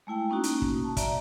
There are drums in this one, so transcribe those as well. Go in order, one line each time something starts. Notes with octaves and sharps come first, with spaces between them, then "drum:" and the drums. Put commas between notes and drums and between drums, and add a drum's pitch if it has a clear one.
G#3 A3 E4 G5
A#3 C#4 D#4 F#4
drum: hi-hat
drum: kick
A5
D5 E5 A#5, drum: kick, hi-hat